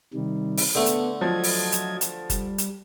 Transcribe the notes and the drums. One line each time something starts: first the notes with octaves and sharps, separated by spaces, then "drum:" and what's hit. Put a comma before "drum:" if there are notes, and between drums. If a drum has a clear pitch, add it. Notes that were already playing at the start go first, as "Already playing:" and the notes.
C3 D#3 G3
drum: open hi-hat
D3 A3 B3
drum: hi-hat
F3 F#3 D#5 G#6
drum: open hi-hat
drum: hi-hat
drum: hi-hat
G3, drum: kick F#1, hi-hat
drum: hi-hat